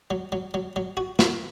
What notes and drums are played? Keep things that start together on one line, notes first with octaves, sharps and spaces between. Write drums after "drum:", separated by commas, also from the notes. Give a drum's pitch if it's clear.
F#3
F#3
F#3
F#3
F#4
F#4, drum: snare